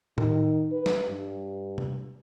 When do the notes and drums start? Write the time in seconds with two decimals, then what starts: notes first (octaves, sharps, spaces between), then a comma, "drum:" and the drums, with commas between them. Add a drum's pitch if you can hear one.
0.18 D#3, drum: tom A2
0.72 B4
0.86 drum: snare
1.09 G2
1.78 drum: tom C3